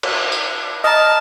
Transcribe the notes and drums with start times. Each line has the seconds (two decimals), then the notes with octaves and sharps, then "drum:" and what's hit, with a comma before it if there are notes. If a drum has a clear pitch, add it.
0.03 drum: cymbal
0.32 drum: tambourine
0.84 D#5 A5 A#5 F6